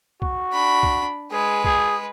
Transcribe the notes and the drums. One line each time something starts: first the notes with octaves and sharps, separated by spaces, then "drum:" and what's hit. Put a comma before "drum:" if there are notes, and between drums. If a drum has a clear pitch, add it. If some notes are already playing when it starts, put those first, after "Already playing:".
F#4, drum: kick B1
D4 B5
drum: kick B1
G#3 G#4 B4
G#4, drum: kick B1